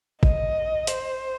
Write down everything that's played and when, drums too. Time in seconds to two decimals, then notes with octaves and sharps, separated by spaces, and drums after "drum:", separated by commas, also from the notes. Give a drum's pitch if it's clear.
0.23 D#5, drum: kick
0.87 C5, drum: hi-hat